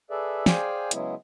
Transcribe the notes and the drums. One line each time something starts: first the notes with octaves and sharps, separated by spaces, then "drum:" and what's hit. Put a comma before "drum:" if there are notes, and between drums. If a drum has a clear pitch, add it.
G#4 A4 B4 D5 E5
G#4 C5 D5 F5 G5 G#5, drum: snare
C#3 F#3 G#3 B3 E4, drum: hi-hat